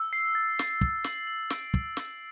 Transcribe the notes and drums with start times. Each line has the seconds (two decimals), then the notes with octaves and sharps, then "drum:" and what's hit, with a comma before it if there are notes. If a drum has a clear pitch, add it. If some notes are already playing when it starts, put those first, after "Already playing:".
Already playing: E6
0.13 C7
0.35 A6
0.59 A6, drum: snare
0.81 A6, drum: kick
1.04 F#7, drum: snare
1.27 F#7
1.50 D7, drum: snare
1.74 drum: kick
1.97 drum: snare